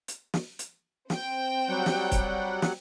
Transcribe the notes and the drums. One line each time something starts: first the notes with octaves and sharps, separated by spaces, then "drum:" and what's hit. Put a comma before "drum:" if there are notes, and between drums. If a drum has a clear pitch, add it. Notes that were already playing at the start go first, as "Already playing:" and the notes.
drum: hi-hat
drum: snare
drum: hi-hat
C4 G5, drum: snare
F#3 G3 F#5
drum: snare
drum: kick, hi-hat
drum: snare